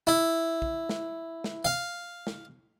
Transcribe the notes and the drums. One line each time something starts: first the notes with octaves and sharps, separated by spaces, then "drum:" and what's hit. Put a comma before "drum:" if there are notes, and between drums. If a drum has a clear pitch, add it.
E4
drum: kick
drum: snare
drum: snare
F5
drum: snare